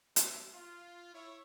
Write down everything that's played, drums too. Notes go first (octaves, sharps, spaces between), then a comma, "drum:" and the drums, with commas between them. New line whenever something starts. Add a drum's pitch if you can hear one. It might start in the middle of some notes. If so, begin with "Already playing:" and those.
G2 C5 E5 A5, drum: hi-hat
F4
E4 C#5